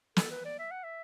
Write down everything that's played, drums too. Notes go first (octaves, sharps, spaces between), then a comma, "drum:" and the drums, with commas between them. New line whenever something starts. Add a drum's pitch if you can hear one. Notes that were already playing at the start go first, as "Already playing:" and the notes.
A4, drum: snare
B4
D5
E5
F#5
E5